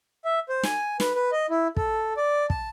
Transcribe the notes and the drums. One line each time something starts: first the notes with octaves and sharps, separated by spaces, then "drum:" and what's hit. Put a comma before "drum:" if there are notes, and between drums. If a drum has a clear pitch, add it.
E5
C5
G#5, drum: snare
B4, drum: snare
B4
D#5
E4
A4, drum: kick
D5
A5, drum: kick